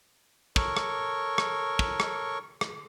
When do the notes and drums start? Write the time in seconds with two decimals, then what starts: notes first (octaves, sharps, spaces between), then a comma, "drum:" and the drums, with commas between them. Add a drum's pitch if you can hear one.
0.56 A4 A#4 C#5 C#6, drum: kick
0.77 drum: rim click
1.38 drum: rim click
1.79 drum: kick
2.00 drum: rim click
2.61 drum: rim click